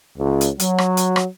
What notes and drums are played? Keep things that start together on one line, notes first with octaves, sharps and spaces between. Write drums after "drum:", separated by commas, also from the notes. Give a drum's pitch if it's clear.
C#2
drum: hi-hat
F#3, drum: hi-hat
drum: rim click
drum: hi-hat
drum: rim click